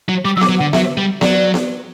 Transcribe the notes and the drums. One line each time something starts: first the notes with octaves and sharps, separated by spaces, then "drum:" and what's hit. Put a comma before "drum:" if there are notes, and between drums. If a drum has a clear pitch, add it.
F#3
G3 D6
F#3 E6
D6, drum: snare B3
F#3
F#5
D3
F#3 E5, drum: snare B3
G3
F#3 D5, drum: snare B3
drum: snare B3